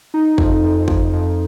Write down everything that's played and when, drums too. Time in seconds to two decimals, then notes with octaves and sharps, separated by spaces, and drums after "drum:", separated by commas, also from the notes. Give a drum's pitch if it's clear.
0.14 D#4
0.38 F2, drum: kick
0.63 F2
0.88 F2, drum: kick
1.13 F2